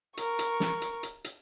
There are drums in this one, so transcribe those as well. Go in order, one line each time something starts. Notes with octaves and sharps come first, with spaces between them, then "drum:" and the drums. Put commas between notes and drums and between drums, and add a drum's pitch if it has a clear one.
A#4 C#6, drum: hi-hat
drum: hi-hat
drum: snare
drum: hi-hat
drum: hi-hat
drum: hi-hat